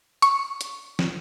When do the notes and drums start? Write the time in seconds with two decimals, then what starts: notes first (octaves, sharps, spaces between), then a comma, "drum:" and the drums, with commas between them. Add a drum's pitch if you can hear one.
0.22 C#6, drum: hi-hat
0.61 drum: hi-hat
0.99 drum: snare